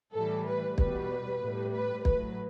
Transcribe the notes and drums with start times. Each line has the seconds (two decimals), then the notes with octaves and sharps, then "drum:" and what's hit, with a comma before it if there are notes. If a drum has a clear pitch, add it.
0.14 A2 E3 G3 A4
0.46 B4
0.78 E2 B2 G3 B4, drum: kick
1.42 A2 G3
1.73 B4
2.05 A2 F#3 B4, drum: kick